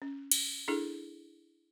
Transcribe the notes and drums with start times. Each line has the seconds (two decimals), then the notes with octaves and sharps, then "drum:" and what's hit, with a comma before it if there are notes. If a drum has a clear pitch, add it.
0.02 C#4
0.31 drum: cymbal
0.68 D4 E4 G#4 A4